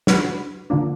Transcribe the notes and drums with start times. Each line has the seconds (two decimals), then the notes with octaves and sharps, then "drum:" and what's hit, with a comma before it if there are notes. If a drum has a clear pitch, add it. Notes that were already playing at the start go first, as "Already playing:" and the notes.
0.07 F#3 D4 F#4 B4, drum: snare
0.70 D3 F3 A#3 D4